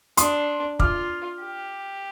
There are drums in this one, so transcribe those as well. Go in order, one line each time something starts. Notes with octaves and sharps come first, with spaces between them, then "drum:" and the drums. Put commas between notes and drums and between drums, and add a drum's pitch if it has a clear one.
D4 C6 D#6, drum: hi-hat
F4 D6 F6, drum: kick
G4